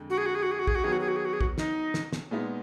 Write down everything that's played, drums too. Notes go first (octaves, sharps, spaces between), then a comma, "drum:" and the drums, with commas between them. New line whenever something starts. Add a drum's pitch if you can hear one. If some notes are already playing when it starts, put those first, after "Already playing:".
Already playing: F2 D3 G#3
F#4
G#4
F#4
G#4
F#4
G#4
F#4
G#4, drum: kick
F#4
D#3 F#3 B3 G#4
F#4
G#4
F#4
G#4
F#4
G#4
F#4, drum: kick
D#4, drum: snare
drum: snare
drum: snare
A#2 G#3 B3 D#4